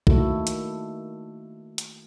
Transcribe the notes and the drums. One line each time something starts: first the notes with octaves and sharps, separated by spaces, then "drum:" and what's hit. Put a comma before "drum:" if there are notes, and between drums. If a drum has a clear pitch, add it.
D#3 A3 A#3 E4 F#4 A4, drum: kick
drum: hi-hat
drum: hi-hat